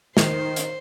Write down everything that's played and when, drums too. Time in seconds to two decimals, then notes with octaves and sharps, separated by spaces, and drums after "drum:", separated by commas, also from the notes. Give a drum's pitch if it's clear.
0.17 D#3 C5, drum: snare
0.56 drum: hi-hat